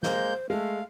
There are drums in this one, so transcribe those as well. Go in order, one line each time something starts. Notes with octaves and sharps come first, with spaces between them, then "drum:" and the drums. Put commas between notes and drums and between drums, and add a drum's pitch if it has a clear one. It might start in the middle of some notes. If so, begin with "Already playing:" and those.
G#3 A#3 C5 G6, drum: snare
G#3 A3 F5